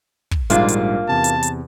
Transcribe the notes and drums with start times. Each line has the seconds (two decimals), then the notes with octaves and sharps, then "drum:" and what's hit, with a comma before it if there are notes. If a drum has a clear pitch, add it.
0.31 drum: kick
0.50 A#1 G#2 G3 A#3 D4 F4, drum: hi-hat
0.68 drum: hi-hat
1.09 E2 C3 A5
1.24 drum: hi-hat
1.43 drum: hi-hat